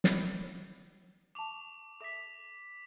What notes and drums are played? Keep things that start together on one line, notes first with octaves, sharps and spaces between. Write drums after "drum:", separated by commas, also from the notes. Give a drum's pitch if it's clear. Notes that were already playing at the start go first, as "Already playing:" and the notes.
G5 B5, drum: snare
A5 C#6 D6 F7
A4 E5 D6 D#6 B6